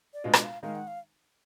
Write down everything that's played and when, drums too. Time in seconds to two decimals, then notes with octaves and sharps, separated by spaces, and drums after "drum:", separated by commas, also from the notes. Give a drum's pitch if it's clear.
0.14 D5
0.24 B2 G#3 D4 F4 D#5
0.33 drum: rim click
0.44 F5
0.63 D#3 G#3 D#4 F5
0.75 F#5
0.88 F5